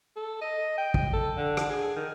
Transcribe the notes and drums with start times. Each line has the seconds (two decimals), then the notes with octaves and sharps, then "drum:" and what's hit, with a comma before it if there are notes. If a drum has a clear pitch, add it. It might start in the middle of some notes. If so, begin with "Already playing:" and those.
0.16 A4
0.41 D#5
0.78 G5
0.94 drum: kick
1.13 A4
1.37 D3
1.57 drum: rim click
1.70 G#4
1.96 D#3